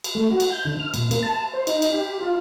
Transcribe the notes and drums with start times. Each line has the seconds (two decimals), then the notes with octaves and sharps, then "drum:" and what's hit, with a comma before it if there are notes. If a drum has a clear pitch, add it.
0.04 drum: cymbal
0.15 A3
0.30 F#4
0.40 drum: cymbal
0.50 G6
0.65 D3
0.80 F6
0.94 A#2, drum: cymbal
1.11 A#3, drum: cymbal
1.23 A5
1.53 C5
1.67 D#4, drum: cymbal
1.82 drum: cymbal
1.92 G4
2.21 F4